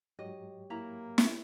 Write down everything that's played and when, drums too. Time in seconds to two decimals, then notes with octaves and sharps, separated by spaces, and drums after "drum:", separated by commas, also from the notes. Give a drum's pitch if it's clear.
0.19 G#2 F#3 G4 C#5 D#5
0.70 A#3 E4 A#5
1.18 drum: snare